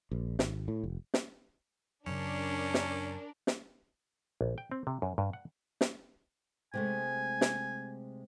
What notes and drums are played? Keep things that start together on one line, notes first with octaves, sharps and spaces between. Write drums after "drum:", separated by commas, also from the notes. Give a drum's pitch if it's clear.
A#1
G#1, drum: snare
A2
F1
drum: snare
F#2 C#3 C#4 D4 A#4
drum: snare
drum: snare
A#1
G5
C4
C3
F#2
G2
F#5
drum: snare
C3 G#3 A3 G#5
drum: snare